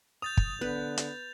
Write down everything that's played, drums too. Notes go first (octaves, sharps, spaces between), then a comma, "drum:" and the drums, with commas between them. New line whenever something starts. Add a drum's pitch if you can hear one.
D#6 G6 A6 F7
drum: kick
D3 B3 B4
drum: hi-hat